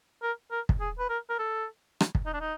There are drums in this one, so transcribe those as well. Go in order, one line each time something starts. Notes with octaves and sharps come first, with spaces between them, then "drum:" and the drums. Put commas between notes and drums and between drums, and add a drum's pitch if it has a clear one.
A#4
A#4
drum: kick
G#4
B4
A#4
A#4
A4
drum: rim click
drum: kick
D#4
D4
D#4